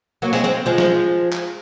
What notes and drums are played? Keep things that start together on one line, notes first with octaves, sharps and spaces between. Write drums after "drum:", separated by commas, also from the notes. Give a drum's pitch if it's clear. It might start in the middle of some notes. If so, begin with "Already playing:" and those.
F#3 A#3
G#3 C4, drum: snare
G#3 C4
F3 G#3
drum: snare
drum: clap